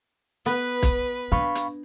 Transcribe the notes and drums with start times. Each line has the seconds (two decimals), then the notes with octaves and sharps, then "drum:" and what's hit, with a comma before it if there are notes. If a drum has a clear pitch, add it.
0.46 B3 B4
0.82 drum: kick, hi-hat
1.32 D4 F5 B5 C#6
1.55 drum: hi-hat